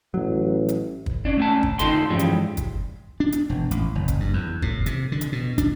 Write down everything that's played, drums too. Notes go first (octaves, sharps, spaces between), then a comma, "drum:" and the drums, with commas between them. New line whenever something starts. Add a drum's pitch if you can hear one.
A1 F#3
drum: hi-hat
drum: kick
C#4 D4
A3 C#4 A5
drum: kick
D2 G2 D#4 F4 A4 C6, drum: hi-hat
G2 E3 F3 G3 G#3 C#4
drum: hi-hat
drum: kick, hi-hat
D4
drum: hi-hat
E1
A1, drum: hi-hat
F#1
drum: kick, hi-hat
G2
E2
A2, drum: kick
C3, drum: hi-hat
D3
drum: hi-hat
B2
D4, drum: kick, hi-hat